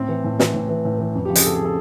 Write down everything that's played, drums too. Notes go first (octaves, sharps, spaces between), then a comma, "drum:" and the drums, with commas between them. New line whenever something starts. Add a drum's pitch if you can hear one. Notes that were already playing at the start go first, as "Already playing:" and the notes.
Already playing: A2 C4
E3
A2
E3, drum: snare
A2
E3
A2
E3
F2
G4
C#3 F3
G#4, drum: hi-hat
F2 A4
G#4
C#3 F3 A4